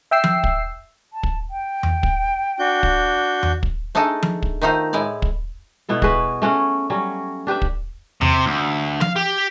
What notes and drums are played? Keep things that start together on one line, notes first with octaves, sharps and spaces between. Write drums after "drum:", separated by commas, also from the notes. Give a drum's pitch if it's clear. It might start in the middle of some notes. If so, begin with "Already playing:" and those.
E5 G5 E6 C7
drum: tom F3
drum: kick
A5
drum: kick
G5
drum: tom E2
drum: kick
D4 F#4 G6
drum: kick
drum: tom E2
drum: kick
A3 D4 D#4 G#4 A4
drum: tom F3
drum: kick
D#3 A3 D#4 F4 C5
A2 G#3 E4 D5
drum: kick
B2 B3 E4 A4
F#4 G#4 B4 E5, drum: kick
A3 C#4 F#4 G#4
F#3 G3 C#4
D4 G4 B4 E5
drum: kick
C3, drum: tom E2
D2
F5, drum: tom F3
G4